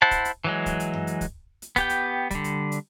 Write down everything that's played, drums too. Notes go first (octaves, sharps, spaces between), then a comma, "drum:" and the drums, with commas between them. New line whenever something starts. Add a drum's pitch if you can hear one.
E4 C5 F#5 A5
drum: kick, hi-hat
drum: hi-hat
E3 F#3 G#3
drum: kick, hi-hat
drum: hi-hat
drum: tom F#2
drum: hi-hat
drum: kick, hi-hat
drum: hi-hat
B3 G4 G5, drum: kick, hi-hat
drum: hi-hat
D3 G3, drum: kick, hi-hat
drum: hi-hat
drum: hi-hat